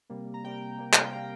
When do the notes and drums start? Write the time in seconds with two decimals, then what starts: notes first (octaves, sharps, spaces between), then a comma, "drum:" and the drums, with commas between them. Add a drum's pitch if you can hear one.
0.09 C3 G3 A#3
0.34 A#5
0.44 C3 G3 A#3 G5
0.78 C3 G3 A#3
0.93 F5, drum: clap
1.03 G5
1.13 C3 G3 A#3 A#5